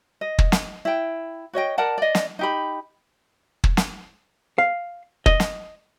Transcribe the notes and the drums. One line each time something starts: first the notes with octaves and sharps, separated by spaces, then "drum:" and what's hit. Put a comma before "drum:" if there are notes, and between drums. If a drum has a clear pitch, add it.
D#5
drum: kick
drum: snare
E4 G5
F#4 C#5 D#5 G5
A#4 D5 F#5 A5
D5 D#5
drum: snare
D#4 G4 B5
drum: kick
drum: snare
F5
D#5, drum: kick
drum: snare